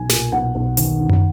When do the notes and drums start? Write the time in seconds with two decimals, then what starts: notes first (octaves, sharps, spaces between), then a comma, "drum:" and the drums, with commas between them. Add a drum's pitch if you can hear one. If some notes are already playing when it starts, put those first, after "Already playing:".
Already playing: B1 G#5
0.09 A#2, drum: snare
0.32 B1 F#5
0.55 B1
0.77 D#2, drum: hi-hat
1.00 D#3
1.09 drum: tom